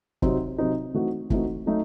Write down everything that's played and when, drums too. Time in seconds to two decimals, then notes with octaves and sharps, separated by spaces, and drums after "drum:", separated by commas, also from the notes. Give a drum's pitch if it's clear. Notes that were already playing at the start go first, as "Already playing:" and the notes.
0.22 C3 F#3 C4 D#4, drum: kick
0.58 C3 F#3 C4 D#4
0.94 E3 A3 C4 D#4 F#4
1.30 E3 A3 C4 D#4 F#4, drum: kick
1.66 F#3 A3 D#4 F#4